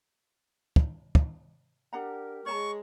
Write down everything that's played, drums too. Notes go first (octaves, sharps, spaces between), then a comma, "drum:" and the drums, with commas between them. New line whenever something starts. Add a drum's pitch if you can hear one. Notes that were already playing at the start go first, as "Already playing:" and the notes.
drum: kick
drum: kick
D4 G4 A#4 F#5 G5 A#5
G#3 C#5 A5 A#5 C#6